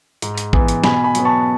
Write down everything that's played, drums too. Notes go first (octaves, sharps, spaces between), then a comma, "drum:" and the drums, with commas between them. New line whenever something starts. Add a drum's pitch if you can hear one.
G#2, drum: hi-hat
drum: hi-hat
E3 B3, drum: kick
drum: hi-hat
B2 G#5 B5, drum: snare
G#5 B5
F#3 B3, drum: hi-hat
A5 C#6